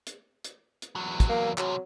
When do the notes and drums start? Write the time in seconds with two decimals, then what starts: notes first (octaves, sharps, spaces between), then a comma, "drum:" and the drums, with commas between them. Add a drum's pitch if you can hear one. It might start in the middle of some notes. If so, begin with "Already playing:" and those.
0.07 drum: hi-hat
0.44 drum: hi-hat
0.82 drum: hi-hat
0.96 E2 F#3
1.20 drum: kick, hi-hat
1.30 A#3
1.58 E2 C3 F#3, drum: clap